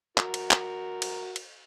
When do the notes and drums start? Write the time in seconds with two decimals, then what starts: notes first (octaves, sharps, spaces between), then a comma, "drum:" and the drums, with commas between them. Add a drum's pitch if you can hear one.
0.17 F#4 A#4, drum: clap
0.34 drum: cymbal
0.51 drum: clap
1.02 drum: cymbal
1.36 drum: cymbal